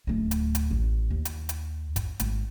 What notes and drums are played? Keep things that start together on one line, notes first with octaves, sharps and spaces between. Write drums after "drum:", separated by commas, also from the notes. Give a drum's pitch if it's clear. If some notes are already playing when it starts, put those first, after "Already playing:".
D1 A3
drum: hi-hat
drum: hi-hat
A1
D#2
drum: hi-hat
drum: hi-hat
drum: kick, hi-hat
G#1, drum: hi-hat